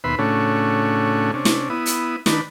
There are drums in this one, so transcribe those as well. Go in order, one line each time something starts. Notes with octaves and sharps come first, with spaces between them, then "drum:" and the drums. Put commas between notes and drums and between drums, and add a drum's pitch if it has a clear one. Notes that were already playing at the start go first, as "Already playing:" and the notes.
D#2 B2 B4 E5 B5 C6
A2 C#3 A3 C#4 D4 F#4
C3 C#4 D4
drum: snare
B3 E4 D#6
drum: hi-hat
D#3 D4 B4, drum: snare